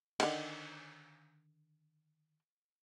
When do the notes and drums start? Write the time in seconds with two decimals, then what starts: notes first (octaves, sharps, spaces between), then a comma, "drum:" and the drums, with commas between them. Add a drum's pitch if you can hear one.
0.20 D3 D#3, drum: cymbal